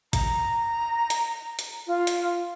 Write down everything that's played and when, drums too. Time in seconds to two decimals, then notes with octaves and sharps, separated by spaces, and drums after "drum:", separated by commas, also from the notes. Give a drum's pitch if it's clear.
0.13 A#5, drum: kick, hi-hat
1.10 drum: hi-hat
1.59 drum: hi-hat
1.87 F4
2.07 drum: hi-hat